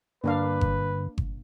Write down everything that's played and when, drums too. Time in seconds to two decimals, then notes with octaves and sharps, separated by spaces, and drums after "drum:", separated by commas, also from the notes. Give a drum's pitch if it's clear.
0.24 G2 D3 A#3 D4 B4 F5
0.61 drum: kick G1
1.18 drum: kick G1